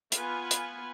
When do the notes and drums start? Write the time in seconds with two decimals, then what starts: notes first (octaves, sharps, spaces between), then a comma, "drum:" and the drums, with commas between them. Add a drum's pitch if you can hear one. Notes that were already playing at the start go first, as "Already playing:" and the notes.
0.12 B3 F4 B4 G#5, drum: hi-hat
0.51 drum: hi-hat